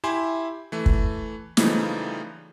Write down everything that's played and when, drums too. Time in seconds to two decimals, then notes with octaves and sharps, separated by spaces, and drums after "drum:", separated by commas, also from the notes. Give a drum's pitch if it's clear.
0.04 E4 G4 E5 G#5 C6
0.72 E3 A3
0.86 drum: kick
1.57 C#3 E3 F3 G3 A3 D#4, drum: snare